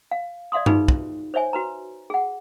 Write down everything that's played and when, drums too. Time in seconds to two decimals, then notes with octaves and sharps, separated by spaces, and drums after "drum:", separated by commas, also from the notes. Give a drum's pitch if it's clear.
0.11 F5
0.52 D5 E5 F5 C6 D#6
0.66 D#4 F4 F#4 G#4 B4, drum: tom G2
0.88 drum: kick
1.34 C5 C#5 E5 G#5
1.53 F#4 B4 A#5
2.10 G#4 F#5